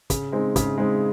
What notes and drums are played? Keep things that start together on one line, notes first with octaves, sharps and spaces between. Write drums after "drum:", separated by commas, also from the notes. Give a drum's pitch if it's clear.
C#3, drum: kick, hi-hat
G#3 C4 D#4
C#3, drum: kick, hi-hat
G#3 C4 D#4